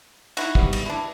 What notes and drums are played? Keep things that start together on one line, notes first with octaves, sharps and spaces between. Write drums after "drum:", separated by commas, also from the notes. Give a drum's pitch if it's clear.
D#4 E4 F#4, drum: cymbal
G#2 G3 B3, drum: kick
drum: cymbal
D4 E4 B4